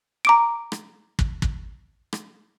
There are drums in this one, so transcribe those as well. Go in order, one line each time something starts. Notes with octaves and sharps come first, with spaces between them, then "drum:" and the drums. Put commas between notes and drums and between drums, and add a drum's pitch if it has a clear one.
A#5 D6 D7
drum: rim click
drum: kick
drum: kick
drum: rim click